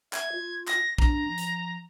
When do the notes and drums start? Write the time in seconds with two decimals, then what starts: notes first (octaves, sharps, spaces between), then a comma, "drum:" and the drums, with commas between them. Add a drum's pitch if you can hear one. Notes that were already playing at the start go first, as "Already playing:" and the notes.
0.13 E5 G#6, drum: clap
0.33 F4
0.68 A#6, drum: clap
0.98 D4 A#5, drum: kick
1.29 F3
1.38 drum: hi-hat